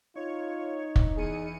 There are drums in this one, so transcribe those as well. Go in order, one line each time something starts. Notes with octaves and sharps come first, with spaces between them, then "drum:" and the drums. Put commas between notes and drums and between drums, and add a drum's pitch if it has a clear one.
D#4 F4 C#5
drum: kick
E2 G#4 C#7 D#7